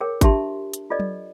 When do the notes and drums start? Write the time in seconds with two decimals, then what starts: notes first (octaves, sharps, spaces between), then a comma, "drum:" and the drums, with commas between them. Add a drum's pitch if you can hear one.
0.01 G#4 A#4 C#5 G5
0.21 D4 F4 G4 E5 A5 C6, drum: kick G#1, hi-hat
0.74 drum: hi-hat
0.90 F4 A4 B4 D5 D#5
1.00 drum: tom F#3